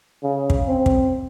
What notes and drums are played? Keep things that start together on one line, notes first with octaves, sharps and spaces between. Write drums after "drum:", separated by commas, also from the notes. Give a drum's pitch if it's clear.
C#3
drum: kick
C4
drum: kick